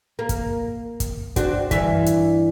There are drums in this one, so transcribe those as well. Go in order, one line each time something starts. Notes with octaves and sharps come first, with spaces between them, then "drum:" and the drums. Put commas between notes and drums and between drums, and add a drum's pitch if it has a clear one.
A#3
drum: kick, hi-hat
drum: kick, hi-hat
C4 D4 F#4, drum: kick, hi-hat
G2 E3 E5, drum: kick, hi-hat
drum: hi-hat